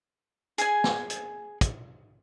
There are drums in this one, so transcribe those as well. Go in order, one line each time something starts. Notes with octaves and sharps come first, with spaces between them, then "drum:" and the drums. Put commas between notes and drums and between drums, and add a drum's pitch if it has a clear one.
G#4 G#5, drum: hi-hat
drum: snare
drum: hi-hat
drum: kick, hi-hat